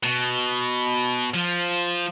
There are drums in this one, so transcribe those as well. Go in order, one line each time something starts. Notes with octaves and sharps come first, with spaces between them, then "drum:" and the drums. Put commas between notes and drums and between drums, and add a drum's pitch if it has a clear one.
B2, drum: hi-hat
F3, drum: cymbal